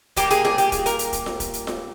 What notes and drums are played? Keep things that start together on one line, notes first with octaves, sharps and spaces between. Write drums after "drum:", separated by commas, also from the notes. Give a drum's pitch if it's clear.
A#2 G3 A#3 G4, drum: kick, hi-hat
G#4, drum: hi-hat
G#4, drum: snare F4
G4, drum: hi-hat
G#4, drum: kick, hi-hat
A#4, drum: hi-hat
drum: hi-hat
drum: kick, hi-hat
drum: snare F4
drum: kick, hi-hat
drum: hi-hat
drum: snare F4